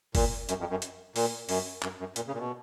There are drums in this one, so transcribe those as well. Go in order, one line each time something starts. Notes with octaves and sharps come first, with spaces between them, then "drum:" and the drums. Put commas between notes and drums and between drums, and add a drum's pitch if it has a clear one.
A#2, drum: kick F#1, open hi-hat
F#2, drum: hi-hat
F2
F#2
drum: hi-hat
A#2, drum: open hi-hat
F#2, drum: open hi-hat
F#2, drum: clap
F#2
A#2, drum: hi-hat
C#3
A#2
B2